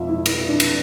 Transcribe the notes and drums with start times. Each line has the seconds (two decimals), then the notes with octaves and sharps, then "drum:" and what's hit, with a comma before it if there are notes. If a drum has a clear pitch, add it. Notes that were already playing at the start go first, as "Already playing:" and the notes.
Already playing: F2 F4 E5
0.09 E4
0.26 E4, drum: cymbal
0.48 D4
0.60 drum: cymbal